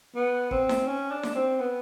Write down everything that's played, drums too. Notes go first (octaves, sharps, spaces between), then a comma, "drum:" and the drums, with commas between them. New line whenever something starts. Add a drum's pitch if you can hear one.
B3
C4, drum: kick
drum: snare D#4
C#4
D4
drum: snare D#4
C4
B3